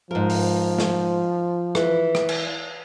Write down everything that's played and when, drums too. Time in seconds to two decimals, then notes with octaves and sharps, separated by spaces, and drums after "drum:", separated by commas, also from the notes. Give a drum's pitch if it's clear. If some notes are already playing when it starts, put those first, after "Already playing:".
0.11 G#2 F3 A#4
0.30 drum: open hi-hat
0.79 drum: snare
1.75 E3, drum: rim click
2.15 drum: rim click
2.29 drum: cymbal